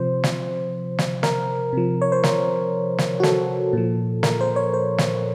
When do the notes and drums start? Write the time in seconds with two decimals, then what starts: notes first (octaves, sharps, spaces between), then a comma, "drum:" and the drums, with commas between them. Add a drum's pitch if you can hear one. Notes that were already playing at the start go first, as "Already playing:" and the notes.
Already playing: C3 F3 C5
0.24 drum: snare
0.98 drum: snare
1.23 A#4, drum: snare
1.73 C3 F3
2.02 C#5
2.12 C5
2.23 A#4, drum: snare
2.98 drum: snare
3.20 F#4
3.23 A4, drum: snare
3.73 A#2 F3
4.23 A#4, drum: snare
4.41 C5
4.56 C#5
4.74 C5
4.98 drum: snare